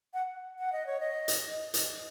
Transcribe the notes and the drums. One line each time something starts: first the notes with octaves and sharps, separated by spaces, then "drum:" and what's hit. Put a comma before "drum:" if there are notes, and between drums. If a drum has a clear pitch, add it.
F#5
F#5
D#5
C#5
D#5
drum: hi-hat
drum: hi-hat